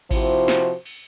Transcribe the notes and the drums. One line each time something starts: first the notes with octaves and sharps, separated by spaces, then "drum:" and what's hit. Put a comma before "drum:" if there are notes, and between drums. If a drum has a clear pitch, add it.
C3 F3 E4 F#4 C5, drum: kick G#1, cymbal
drum: snare
drum: cymbal